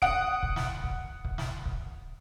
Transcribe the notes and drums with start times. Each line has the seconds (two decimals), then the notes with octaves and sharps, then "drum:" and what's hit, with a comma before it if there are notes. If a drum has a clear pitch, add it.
0.02 F#5 D#6 D7, drum: kick
0.43 drum: kick
0.56 drum: snare
0.84 drum: kick
1.25 drum: kick
1.38 drum: snare
1.65 drum: kick